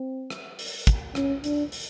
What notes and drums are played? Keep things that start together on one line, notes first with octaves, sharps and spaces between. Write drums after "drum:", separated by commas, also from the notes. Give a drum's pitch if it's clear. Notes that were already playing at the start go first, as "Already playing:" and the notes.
Already playing: C4
drum: rim click
drum: open hi-hat
drum: kick, hi-hat
C#4, drum: rim click
D4, drum: hi-hat
drum: open hi-hat